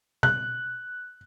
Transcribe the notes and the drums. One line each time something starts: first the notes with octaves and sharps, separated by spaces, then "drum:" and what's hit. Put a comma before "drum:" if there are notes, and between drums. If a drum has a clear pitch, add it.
F#6, drum: tom B2